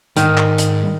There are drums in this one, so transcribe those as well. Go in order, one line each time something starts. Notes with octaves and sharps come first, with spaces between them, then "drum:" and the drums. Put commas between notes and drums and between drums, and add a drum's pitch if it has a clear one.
G#2 D#3, drum: hi-hat
drum: clap
drum: hi-hat